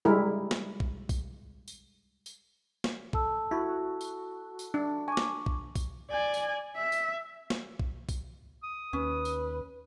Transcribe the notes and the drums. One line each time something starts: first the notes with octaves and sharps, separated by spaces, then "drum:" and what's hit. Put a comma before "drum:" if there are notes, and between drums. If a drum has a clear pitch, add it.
G3 G#3 E4 A#4
drum: snare
drum: kick
drum: kick, tambourine
drum: tambourine
drum: tambourine
drum: snare
A4 A5 E6, drum: kick
E4 F#4
drum: tambourine
drum: tambourine
D4
G#5 C#6 D6
drum: snare
drum: kick
drum: kick, tambourine
D5 G#5
drum: tambourine
E5
drum: tambourine
drum: snare
drum: kick
drum: kick, tambourine
D#6
D#2 C#4 B4
drum: tambourine